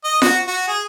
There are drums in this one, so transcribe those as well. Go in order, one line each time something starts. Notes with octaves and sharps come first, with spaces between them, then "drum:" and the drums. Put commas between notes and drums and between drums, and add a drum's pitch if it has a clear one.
D#5
F#4, drum: snare F4
F#4
G#4